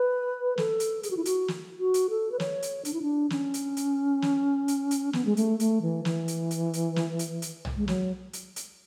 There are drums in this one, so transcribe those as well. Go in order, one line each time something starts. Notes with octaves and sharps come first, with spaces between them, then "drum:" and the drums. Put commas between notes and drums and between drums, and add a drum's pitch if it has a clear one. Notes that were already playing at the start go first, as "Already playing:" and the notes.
Already playing: B4
A4, drum: snare
drum: hi-hat
G#4, drum: hi-hat
F#4
E4
F#4, drum: hi-hat
drum: snare
F#4
drum: hi-hat
A4
B4
C#5, drum: snare
drum: hi-hat
D4, drum: hi-hat
E4
D4
C#4, drum: snare
drum: hi-hat
drum: hi-hat
drum: snare
drum: hi-hat
drum: hi-hat
B3, drum: snare
G#3
A3, drum: hi-hat
A3, drum: hi-hat
E3
E3, drum: snare
drum: hi-hat
drum: hi-hat
drum: hi-hat
drum: snare
drum: hi-hat
drum: hi-hat
drum: tom B1
G#3
F#3, drum: snare
drum: hi-hat
drum: hi-hat